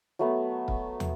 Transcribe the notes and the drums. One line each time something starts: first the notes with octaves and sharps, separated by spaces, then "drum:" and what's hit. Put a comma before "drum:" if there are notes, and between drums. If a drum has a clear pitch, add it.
F#3 A3 B3
drum: kick
drum: tom